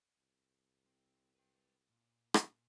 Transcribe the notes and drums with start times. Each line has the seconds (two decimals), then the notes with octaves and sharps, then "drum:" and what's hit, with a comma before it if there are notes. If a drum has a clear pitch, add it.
0.17 C2
0.86 C4
1.35 B4 G5
1.90 A#2
2.34 drum: rim click